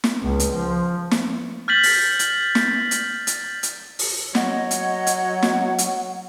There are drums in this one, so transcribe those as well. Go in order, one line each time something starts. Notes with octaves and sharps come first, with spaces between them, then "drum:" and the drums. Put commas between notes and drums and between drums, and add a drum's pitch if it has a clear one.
drum: snare
C#2
drum: hi-hat
F3
drum: snare
F6 G6 A6 B6 F#7
drum: open hi-hat
drum: hi-hat
drum: snare
drum: hi-hat
drum: hi-hat
drum: hi-hat
drum: open hi-hat
F#3 C#5 D#5 F#5, drum: snare
drum: hi-hat
drum: hi-hat
drum: snare
drum: hi-hat